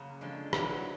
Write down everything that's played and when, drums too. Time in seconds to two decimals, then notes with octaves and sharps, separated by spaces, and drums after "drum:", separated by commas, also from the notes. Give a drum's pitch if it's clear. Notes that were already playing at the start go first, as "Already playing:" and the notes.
Already playing: F#2 C#3 A#3
0.21 D3 F3 G#3
0.53 E3 F#3, drum: rim click